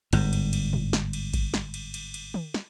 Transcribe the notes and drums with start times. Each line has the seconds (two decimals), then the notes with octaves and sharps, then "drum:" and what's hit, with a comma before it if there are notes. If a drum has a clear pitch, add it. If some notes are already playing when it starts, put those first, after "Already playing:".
0.13 G1 G#2, drum: cymbal
0.33 drum: cymbal
0.53 drum: cymbal
0.73 drum: tom
0.93 drum: snare
1.13 drum: cymbal
1.33 drum: kick A1, cymbal
1.54 drum: snare
1.74 drum: cymbal
1.94 drum: cymbal
2.14 drum: cymbal
2.34 drum: tom
2.54 drum: snare